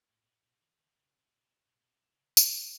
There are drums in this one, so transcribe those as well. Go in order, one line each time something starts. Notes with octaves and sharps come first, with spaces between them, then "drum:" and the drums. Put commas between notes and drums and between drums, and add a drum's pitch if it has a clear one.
A2
A2
A#2
B2
E3
D#3
C#3
C3
A#2
B2
B2
B2
C3
C#3
C3, drum: tambourine
B2